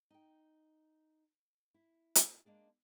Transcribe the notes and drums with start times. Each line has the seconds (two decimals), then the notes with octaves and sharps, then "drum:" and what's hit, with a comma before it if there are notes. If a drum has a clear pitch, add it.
0.10 D#4 G5
1.74 E4
2.15 drum: hi-hat
2.45 G#3 A#3 D4 G#4